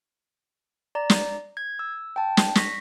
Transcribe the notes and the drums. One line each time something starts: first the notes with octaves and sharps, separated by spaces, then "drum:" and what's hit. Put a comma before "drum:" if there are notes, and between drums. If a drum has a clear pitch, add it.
D5 A#5
drum: snare
G#6
E6
G5 A5
drum: snare
C#6 A#6 B6, drum: snare